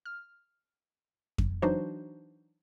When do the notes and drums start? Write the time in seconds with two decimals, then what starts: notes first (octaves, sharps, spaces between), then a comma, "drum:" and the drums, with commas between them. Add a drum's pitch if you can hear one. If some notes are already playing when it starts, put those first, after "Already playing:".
0.06 F6
1.38 drum: kick F2
1.62 E3 F#3 D4 D#4 F#4 C5